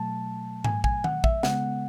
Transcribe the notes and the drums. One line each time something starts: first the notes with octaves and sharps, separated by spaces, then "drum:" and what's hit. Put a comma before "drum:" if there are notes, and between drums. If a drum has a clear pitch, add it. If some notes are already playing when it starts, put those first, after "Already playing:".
Already playing: B2 F#3 A3 A5
G#5, drum: tom G#2
G#5, drum: kick
F#5, drum: tom D#3
E5, drum: kick
C#3 G#3 B3 F#5, drum: snare